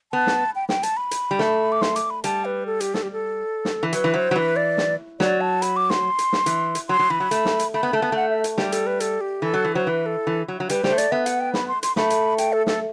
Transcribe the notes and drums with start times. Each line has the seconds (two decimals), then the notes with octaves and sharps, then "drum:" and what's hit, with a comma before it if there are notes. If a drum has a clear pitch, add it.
0.13 B3 A5
0.27 drum: snare
0.55 G5
0.69 G5, drum: snare
0.83 A5, drum: hi-hat
0.97 B5
1.11 drum: hi-hat
1.31 G3
1.39 A3, drum: snare
1.72 D6
1.82 C6, drum: snare
1.96 D6, drum: hi-hat
2.10 B5
2.24 G3 A5, drum: hi-hat
2.45 B4
2.66 A4
2.80 G4, drum: hi-hat
2.94 A4, drum: snare
3.03 G4
3.12 A4
3.65 drum: snare
3.83 E3
3.93 F#3 B4, drum: hi-hat
4.04 E3
4.14 F#3 C5
4.31 F#3
4.35 E3 B4
4.56 D5
4.78 drum: snare
5.20 F#3 D5, drum: snare
5.41 A5
5.62 B5, drum: hi-hat
5.77 D6
5.90 C6, drum: snare
6.19 drum: hi-hat
6.33 drum: snare
6.46 E3, drum: hi-hat
6.75 drum: hi-hat
6.89 F#3 C6
6.99 F#3
7.10 E3 B5
7.20 F#3
7.31 A3, drum: hi-hat
7.45 drum: snare
7.59 drum: hi-hat
7.74 A3 B5
7.83 B3
7.93 A3 A5
8.02 B3
8.12 A3 F#5
8.30 E5
8.44 drum: hi-hat
8.58 G3 G4, drum: snare
8.72 A4, drum: hi-hat
8.87 B4
9.00 A4, drum: hi-hat
9.21 G4
9.42 E3 A4
9.54 F#3
9.64 E3
9.75 F#3 C5
9.85 E3 B4
10.06 A4
10.27 E3
10.48 F#3
10.60 F#3
10.69 G3 B4, drum: hi-hat
10.84 G3 C5, drum: snare
10.90 A3
10.98 D5, drum: hi-hat
11.12 B3 E5
11.26 F#5, drum: hi-hat
11.40 G5
11.54 B5, drum: snare
11.68 C6
11.83 C6, drum: hi-hat
11.96 A3 B5, drum: snare
12.10 drum: hi-hat
12.38 G5, drum: hi-hat
12.53 A4
12.67 A4, drum: snare